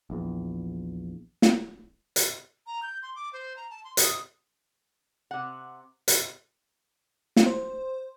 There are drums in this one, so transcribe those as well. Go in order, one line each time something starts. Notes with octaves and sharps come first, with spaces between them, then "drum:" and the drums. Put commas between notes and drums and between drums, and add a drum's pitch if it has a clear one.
A#1 E2
drum: snare
drum: hi-hat
A#5
G6
C6
D6
C5
A#5
A5
C6
D#6, drum: hi-hat
C3 F#5
drum: hi-hat
drum: snare
C5